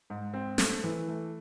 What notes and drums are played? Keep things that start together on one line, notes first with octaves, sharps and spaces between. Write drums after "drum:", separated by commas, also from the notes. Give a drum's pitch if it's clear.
G#2
C4
A3, drum: snare
E3
A3